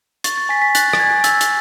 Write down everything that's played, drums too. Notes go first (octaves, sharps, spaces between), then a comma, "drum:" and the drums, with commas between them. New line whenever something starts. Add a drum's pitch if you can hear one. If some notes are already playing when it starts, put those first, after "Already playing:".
C#6 A6, drum: hi-hat
A6
G#5 B6
B6
F#6 A6, drum: hi-hat
A6, drum: rim click
G#5 G#6
E6 A6, drum: hi-hat
drum: hi-hat